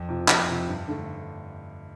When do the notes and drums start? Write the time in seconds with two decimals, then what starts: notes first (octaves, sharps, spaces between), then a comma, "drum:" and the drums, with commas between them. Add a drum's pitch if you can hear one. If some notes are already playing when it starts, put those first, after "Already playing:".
Already playing: F2
0.09 C3 F3
0.28 F2, drum: clap
0.49 C3 F3
0.68 G2
0.88 D3 A3